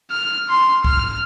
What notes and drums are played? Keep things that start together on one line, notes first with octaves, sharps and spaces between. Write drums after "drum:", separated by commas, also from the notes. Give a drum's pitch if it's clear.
F6
C6
F6, drum: kick